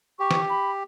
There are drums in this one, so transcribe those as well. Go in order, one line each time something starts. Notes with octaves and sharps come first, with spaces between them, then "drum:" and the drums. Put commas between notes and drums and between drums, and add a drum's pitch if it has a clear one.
G4 C#6
drum: snare
B5